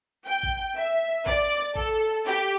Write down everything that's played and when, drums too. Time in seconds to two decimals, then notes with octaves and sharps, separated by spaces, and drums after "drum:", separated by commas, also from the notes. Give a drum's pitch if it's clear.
0.27 G5
0.43 drum: kick A1
0.77 E5
1.26 D5, drum: kick A1
1.76 A4, drum: kick A1
2.26 G4